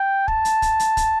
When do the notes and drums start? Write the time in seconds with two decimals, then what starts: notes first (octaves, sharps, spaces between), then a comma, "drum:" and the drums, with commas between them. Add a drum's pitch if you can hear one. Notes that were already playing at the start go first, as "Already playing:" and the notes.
Already playing: G5
0.28 A5, drum: kick
0.45 drum: hi-hat
0.62 drum: kick, hi-hat
0.80 drum: hi-hat
0.97 drum: kick, hi-hat